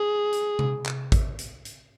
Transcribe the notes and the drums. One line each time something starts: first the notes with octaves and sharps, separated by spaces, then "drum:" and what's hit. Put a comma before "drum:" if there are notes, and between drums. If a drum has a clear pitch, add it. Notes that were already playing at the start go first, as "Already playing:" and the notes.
Already playing: G#4
drum: hi-hat
drum: tom C3
drum: clap
drum: kick, hi-hat
drum: hi-hat
drum: hi-hat